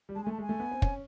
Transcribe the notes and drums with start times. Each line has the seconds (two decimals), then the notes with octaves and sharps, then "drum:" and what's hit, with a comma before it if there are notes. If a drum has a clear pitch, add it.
0.09 G3
0.15 G#3 A5
0.24 G#5
0.27 A3
0.32 A5
0.38 G#3 G#5
0.49 A3
0.60 B3
0.71 C4
0.82 C#4, drum: kick